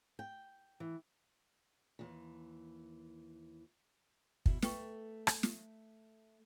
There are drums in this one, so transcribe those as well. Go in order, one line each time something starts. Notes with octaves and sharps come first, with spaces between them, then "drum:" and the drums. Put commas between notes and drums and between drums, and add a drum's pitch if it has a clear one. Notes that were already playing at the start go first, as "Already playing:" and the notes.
G5
E3
D#2 E3
B2 E4, drum: kick
A3 B4 G5 C#6, drum: snare
drum: rim click
drum: snare